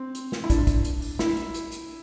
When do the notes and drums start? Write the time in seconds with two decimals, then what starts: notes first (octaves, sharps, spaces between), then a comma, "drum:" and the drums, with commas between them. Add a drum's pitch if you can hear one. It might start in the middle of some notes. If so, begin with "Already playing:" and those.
Already playing: C4
0.15 drum: hi-hat
0.32 drum: snare
0.44 E4
0.50 D4, drum: kick, hi-hat
0.67 drum: kick, hi-hat
0.85 drum: hi-hat
1.02 drum: open hi-hat
1.19 E4, drum: snare
1.37 drum: hi-hat
1.54 drum: hi-hat
1.72 drum: hi-hat